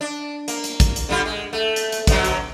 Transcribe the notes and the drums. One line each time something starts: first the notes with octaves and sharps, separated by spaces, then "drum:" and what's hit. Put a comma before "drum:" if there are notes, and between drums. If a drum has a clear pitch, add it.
D4
A#3, drum: hi-hat
drum: hi-hat
drum: kick, hi-hat
drum: hi-hat
D3 G3 F4
G#3
A3
drum: hi-hat
drum: hi-hat
B2 D3 F#3, drum: kick, hi-hat
drum: hi-hat